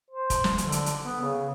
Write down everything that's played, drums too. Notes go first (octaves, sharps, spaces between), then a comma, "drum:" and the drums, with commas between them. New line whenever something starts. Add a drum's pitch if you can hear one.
C5
drum: kick, hi-hat
drum: snare
D3, drum: hi-hat
drum: hi-hat
drum: hi-hat
B3
C#3